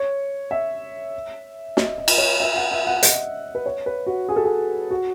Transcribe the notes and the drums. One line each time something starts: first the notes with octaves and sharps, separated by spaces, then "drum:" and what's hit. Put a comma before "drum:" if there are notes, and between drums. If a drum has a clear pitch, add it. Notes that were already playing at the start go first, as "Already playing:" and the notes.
Already playing: C#5
E5
D#5, drum: snare
D#5
drum: cymbal
C#5
E5
F#5
E5
F#5
D#5, drum: hi-hat
B4
C#5
B4
F#4
G#4
A4
G#4
F#4